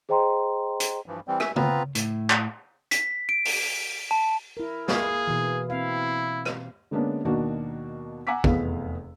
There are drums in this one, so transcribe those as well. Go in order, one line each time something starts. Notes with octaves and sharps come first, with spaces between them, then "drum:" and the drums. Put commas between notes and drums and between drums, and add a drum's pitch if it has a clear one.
G#4 C5 D#5 G5 A#5 C6
drum: hi-hat
G2 E3 F3
E3 G3 C4
E5 G#5, drum: rim click
B3 C4 F4 B4 A#5, drum: tom C#3
A2, drum: hi-hat
drum: clap
B6, drum: hi-hat
D7
drum: open hi-hat
A5
E4 A#4
A#3 G#4 F5, drum: snare
B2 E3
C4 E4 F5
drum: rim click
D3 G#3 A#3 B3 C#4 D4
D#2 B2 D#3 A#3 D4 F#4
F#5 G#5 A#5 D6 E6 B6
F1 E2 B3 G#4 F5, drum: kick